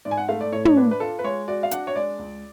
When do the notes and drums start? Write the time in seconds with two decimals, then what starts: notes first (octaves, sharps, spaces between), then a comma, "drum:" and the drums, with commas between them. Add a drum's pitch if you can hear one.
0.05 G#2 D5
0.11 G#5
0.17 F#5
0.28 A3 F5
0.41 D5
0.52 A2 C#5
0.65 C#5, drum: tom
0.76 D4 B4
0.91 B4
1.00 F4 A4
1.19 B4
1.24 G#3 C#5
1.48 F#4 D5
1.63 F5
1.71 D4 F#5, drum: hi-hat
1.87 C#5
1.96 G#3 D5
2.19 C#2